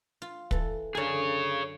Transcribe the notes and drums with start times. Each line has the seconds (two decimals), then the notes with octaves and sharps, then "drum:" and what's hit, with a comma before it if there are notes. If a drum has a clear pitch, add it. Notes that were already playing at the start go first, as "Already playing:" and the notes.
0.22 F4
0.51 E3 A4, drum: kick
0.95 F#2 D3 G#4 C#5